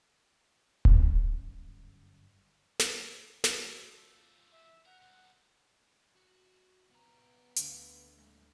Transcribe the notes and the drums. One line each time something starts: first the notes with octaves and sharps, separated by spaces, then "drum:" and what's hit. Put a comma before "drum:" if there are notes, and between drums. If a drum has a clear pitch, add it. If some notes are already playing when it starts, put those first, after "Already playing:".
drum: kick D1
G1 F#2 G3 C#4
drum: snare
A2 F#4 D5 D#6, drum: snare
F3 A3 E6
E5
A#4 F#5 G6
C2
F#4
B3 A#5
D2 F5 C#7, drum: hi-hat
G#3 A#3